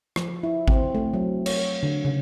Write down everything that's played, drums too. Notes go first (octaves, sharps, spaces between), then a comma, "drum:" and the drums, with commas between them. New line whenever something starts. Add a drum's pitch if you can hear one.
F3, drum: rim click
E4
C4, drum: kick G#1
A3
F#3
C#5, drum: cymbal
D3
C#3